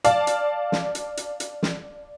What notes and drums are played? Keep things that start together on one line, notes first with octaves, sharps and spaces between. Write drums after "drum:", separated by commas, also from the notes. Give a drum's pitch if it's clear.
D5 F5 A5, drum: hi-hat
drum: hi-hat
drum: snare
drum: hi-hat
drum: hi-hat
drum: hi-hat
drum: snare